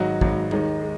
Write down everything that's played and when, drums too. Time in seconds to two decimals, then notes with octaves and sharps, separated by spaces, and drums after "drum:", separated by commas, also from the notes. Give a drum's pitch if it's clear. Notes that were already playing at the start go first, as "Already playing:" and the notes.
Already playing: G#1 G#2 F#3 D#4 F#4
0.21 G#1 G#2 F#3, drum: kick
0.51 D#2 D#3 G#3 D#4, drum: tom
0.81 G#3